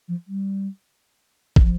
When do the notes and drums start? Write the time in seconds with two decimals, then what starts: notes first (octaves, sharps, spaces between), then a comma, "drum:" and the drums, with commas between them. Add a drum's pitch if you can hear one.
0.08 F3
0.28 G3
1.56 E3, drum: kick
1.61 F3